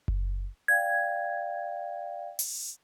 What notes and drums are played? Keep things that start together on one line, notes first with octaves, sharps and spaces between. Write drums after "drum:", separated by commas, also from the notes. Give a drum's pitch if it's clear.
drum: kick F#1
D5 F5 G5 G#6
drum: open hi-hat